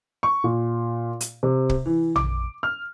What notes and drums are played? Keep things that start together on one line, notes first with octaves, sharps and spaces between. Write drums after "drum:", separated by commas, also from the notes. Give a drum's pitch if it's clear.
C#6
A#2
drum: hi-hat
C3
drum: kick
E3
D6, drum: tom A#1
F6